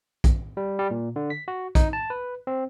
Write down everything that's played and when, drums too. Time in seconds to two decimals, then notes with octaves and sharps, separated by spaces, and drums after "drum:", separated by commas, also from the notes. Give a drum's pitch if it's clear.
0.24 drum: kick A#1, hi-hat
0.57 G3
0.79 G3
0.91 A#2
1.16 D3
1.30 B6
1.48 F#4
1.75 D#4, drum: kick A#1, hi-hat
1.93 A5
2.10 B4
2.47 C4